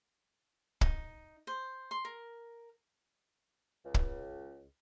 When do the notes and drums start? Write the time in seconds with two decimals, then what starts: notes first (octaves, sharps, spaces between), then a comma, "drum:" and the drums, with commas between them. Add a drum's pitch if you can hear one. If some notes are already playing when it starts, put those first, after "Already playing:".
0.81 D#4, drum: kick
1.47 C5
1.91 C6
2.05 A#4
3.85 C#2
3.94 drum: kick